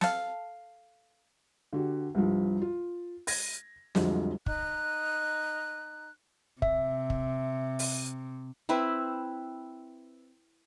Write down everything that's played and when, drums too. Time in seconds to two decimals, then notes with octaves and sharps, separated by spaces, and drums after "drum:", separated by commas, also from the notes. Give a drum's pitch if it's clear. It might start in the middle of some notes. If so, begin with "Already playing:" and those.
0.01 A4 F5, drum: snare
1.73 D3 F#4 G4
2.15 C2 G2 F3
2.62 F4
3.27 G#6 A#6, drum: open hi-hat
3.95 C2 F2 D3 F3 F#3 G#3, drum: snare
4.46 D#4 F#6, drum: kick
6.62 C3 E5, drum: kick
7.10 drum: kick
7.79 drum: open hi-hat
8.69 C4 E4 B4 E5